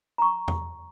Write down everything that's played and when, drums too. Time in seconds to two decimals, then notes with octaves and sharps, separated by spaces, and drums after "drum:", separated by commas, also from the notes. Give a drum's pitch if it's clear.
0.18 A#5 C#6
0.48 drum: tom E2